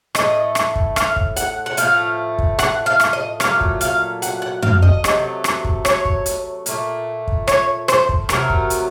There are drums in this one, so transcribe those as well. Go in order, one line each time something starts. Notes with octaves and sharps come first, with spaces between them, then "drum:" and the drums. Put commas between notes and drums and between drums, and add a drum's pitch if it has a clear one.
A2 F#3 A3 D#5, drum: rim click
drum: rim click
drum: kick
F5, drum: rim click
drum: kick
F#5, drum: hi-hat
F#5
A2 F3 A3 F5, drum: hi-hat
drum: kick
F#5, drum: rim click
F5
drum: rim click
D#5
A#2 F#3 A3 F5, drum: rim click
drum: kick
F5, drum: hi-hat
F#5, drum: hi-hat
F#5
F5, drum: tom F#2
D#5, drum: kick
C3 F#3 A3, drum: rim click
drum: rim click
drum: kick
C#5, drum: rim click
drum: kick
drum: hi-hat
A#2 A3, drum: hi-hat
drum: kick
C#5, drum: rim click
C5, drum: rim click
drum: kick
C3 F#3 A3 A#4, drum: rim click
drum: kick
drum: hi-hat